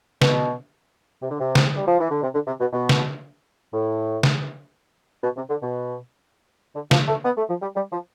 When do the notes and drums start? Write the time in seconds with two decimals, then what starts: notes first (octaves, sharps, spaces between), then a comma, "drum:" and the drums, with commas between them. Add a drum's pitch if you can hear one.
0.22 B2, drum: snare
1.22 C3
1.31 D3
1.40 C3
1.55 drum: snare
1.76 G3
1.87 F3
2.00 E3
2.11 D3
2.22 C3
2.34 D3
2.47 C3
2.61 B2
2.73 B2
2.89 drum: snare
3.73 A2
4.23 drum: snare
5.23 B2
5.37 C3
5.50 D3
5.62 B2
6.75 D3
6.91 F3, drum: snare
7.08 A3
7.25 B3
7.38 A3
7.49 F3
7.62 G3
7.76 G3
7.92 F3